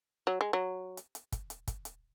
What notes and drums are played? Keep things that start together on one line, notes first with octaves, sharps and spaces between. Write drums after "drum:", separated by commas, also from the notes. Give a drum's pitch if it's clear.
F#3
G#3
F#3
drum: hi-hat
drum: hi-hat
drum: kick, hi-hat
drum: hi-hat
drum: kick, hi-hat
drum: hi-hat